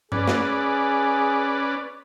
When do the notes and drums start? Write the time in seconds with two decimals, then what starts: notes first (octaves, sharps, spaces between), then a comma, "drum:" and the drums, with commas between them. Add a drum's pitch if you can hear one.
0.12 C#4 G#4 B4 D5, drum: tom G2
0.28 drum: snare